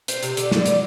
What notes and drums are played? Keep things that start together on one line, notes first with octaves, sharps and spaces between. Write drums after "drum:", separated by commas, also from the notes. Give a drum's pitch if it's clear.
C4, drum: hi-hat
C3, drum: hi-hat
D3, drum: hi-hat
drum: snare
D3, drum: hi-hat